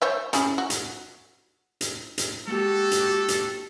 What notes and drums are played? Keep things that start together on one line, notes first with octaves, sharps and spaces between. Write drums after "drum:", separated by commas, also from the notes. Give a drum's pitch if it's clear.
C5 C#5 E5
C#4 E4 G#4, drum: hi-hat
F#4
drum: hi-hat
drum: hi-hat
drum: hi-hat
G#3 A#3 F#4 G4 A4
drum: hi-hat
drum: hi-hat